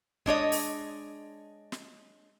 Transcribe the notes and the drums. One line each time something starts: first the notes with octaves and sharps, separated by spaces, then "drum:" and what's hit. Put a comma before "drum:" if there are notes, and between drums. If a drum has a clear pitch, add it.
G#3 D4 C#5 D#5, drum: kick
drum: open hi-hat
drum: snare